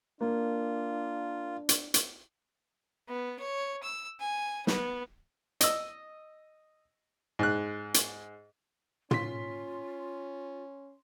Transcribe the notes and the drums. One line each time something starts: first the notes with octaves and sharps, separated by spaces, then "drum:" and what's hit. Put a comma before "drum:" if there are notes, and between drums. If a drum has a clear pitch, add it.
A#3 D4 F4
drum: hi-hat
drum: hi-hat
B3
C#5
E6
G#5
B3, drum: snare
D#5 E6, drum: hi-hat
G#2 F#6
drum: hi-hat
C#4 F4 C6 B6, drum: tom